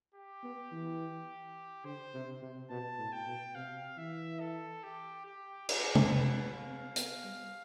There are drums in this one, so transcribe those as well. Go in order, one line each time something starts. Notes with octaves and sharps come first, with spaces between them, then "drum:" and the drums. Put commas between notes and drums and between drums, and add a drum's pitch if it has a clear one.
G4
B3
E3
D3 C5
C3
C3
B2 A5
A2
G5
B2
C3 F5
E3 E5
A4
G4
G4
G4, drum: cymbal
drum: tom
G3 B4
B3
F5
C4
B3, drum: hi-hat
G3